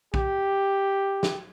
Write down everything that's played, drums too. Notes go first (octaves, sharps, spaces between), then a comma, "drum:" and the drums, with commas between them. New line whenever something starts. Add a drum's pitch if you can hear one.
G4, drum: kick
drum: snare